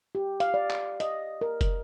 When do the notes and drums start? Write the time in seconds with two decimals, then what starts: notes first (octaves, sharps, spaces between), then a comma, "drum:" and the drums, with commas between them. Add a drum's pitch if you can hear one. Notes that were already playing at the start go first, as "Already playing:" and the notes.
0.15 G4
0.40 F5, drum: hi-hat
0.54 D5
0.70 drum: clap
1.00 D#5, drum: hi-hat
1.41 A#4
1.61 drum: kick, hi-hat